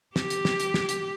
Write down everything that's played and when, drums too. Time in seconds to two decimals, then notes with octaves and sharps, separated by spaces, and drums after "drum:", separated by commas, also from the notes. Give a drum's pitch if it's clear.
0.16 G4, drum: snare
0.30 drum: hi-hat
0.45 drum: snare
0.60 drum: hi-hat
0.74 drum: snare
0.89 drum: hi-hat